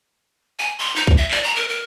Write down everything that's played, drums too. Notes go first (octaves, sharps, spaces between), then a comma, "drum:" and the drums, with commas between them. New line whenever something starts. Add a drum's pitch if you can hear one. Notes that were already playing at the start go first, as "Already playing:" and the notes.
G#5
C6
D#4
drum: kick B1
E5
D5, drum: clap
A#5
A#4
A#4